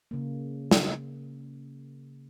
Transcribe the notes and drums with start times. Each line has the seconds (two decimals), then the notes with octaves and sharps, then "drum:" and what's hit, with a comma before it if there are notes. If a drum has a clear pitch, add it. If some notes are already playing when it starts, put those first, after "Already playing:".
0.11 C#3 A#3
0.71 drum: snare